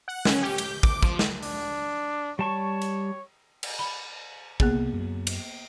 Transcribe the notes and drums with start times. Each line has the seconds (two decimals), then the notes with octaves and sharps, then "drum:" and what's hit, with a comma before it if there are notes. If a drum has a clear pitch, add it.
0.08 F#5
0.25 C#4, drum: snare
0.43 G4
0.58 G6, drum: cymbal
0.83 D6, drum: kick
1.03 F3, drum: kick
1.19 drum: snare
1.43 D4, drum: open hi-hat
2.39 G3 C#5 A5 C#6
2.82 drum: hi-hat
3.63 drum: cymbal
3.79 B5
4.60 C2 A#3 B3 G#4, drum: kick
4.93 F#2 F#3
5.27 drum: cymbal